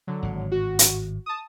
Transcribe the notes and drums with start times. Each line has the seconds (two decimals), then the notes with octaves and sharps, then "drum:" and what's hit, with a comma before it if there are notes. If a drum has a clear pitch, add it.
0.07 D3 F#3
0.23 G#1 A2
0.52 F#4
0.79 drum: hi-hat
1.26 A5 D#6